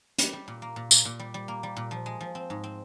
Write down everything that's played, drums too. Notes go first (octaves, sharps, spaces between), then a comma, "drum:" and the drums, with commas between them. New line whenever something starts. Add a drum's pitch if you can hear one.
G3, drum: hi-hat
G3
A#2
A#3
A#2
A#2, drum: tambourine
A#2
G3
G3
A#3
G3
A#2
F3
G#3
F3
C4
G#2
C4